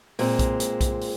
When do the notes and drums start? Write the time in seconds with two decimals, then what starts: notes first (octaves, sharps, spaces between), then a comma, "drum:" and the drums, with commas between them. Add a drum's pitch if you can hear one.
0.19 A#2 G#3 C4, drum: open hi-hat
0.39 drum: kick B1, hi-hat
0.60 drum: hi-hat
0.81 drum: kick B1, hi-hat
1.01 drum: open hi-hat